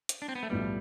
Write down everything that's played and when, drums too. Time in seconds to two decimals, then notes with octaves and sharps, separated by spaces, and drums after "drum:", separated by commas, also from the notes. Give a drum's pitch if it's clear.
0.09 drum: hi-hat
0.22 D4
0.29 C4
0.35 B3
0.43 A3
0.50 B1 A2 F3 G3 B3